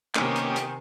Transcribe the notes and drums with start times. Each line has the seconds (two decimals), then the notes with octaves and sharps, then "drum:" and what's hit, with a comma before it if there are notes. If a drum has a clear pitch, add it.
0.15 C3 D#3 A#3 B3 C#4 G4 D#5 G#5, drum: clap
0.36 drum: hi-hat
0.56 drum: hi-hat